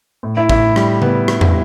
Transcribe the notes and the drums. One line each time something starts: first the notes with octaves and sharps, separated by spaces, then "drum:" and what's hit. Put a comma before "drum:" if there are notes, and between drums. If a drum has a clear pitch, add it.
A2
E4
A2 E4, drum: kick
G3, drum: rim click
B3, drum: tom C#3
drum: rim click
drum: tom